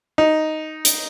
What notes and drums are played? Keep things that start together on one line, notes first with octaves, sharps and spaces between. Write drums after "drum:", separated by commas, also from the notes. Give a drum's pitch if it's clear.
D#4
drum: hi-hat